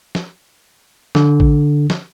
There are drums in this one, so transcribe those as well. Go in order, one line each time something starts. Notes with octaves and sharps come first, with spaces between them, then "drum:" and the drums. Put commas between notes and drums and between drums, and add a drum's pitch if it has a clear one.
drum: snare
D3, drum: snare
drum: kick A1
drum: snare